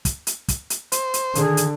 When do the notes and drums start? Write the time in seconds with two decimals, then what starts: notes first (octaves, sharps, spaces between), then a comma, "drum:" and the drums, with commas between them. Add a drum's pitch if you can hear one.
0.05 drum: kick, hi-hat
0.27 drum: hi-hat
0.48 drum: kick, hi-hat
0.70 drum: hi-hat
0.92 C5, drum: hi-hat
1.14 drum: hi-hat
1.35 D3 D#3 G#4, drum: hi-hat
1.57 drum: hi-hat